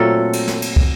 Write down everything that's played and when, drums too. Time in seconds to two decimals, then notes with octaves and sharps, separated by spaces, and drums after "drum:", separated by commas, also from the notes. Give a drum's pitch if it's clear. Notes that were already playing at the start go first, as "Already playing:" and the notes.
Already playing: A#2 F#3 A3 C4 F4 A4
0.33 drum: cymbal
0.48 drum: snare
0.62 drum: cymbal
0.76 drum: kick